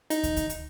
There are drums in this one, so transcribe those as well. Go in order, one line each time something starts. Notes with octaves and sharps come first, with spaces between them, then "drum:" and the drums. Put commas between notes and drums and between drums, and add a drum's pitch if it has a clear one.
D#4, drum: hi-hat
drum: kick, hi-hat
drum: kick, hi-hat
drum: hi-hat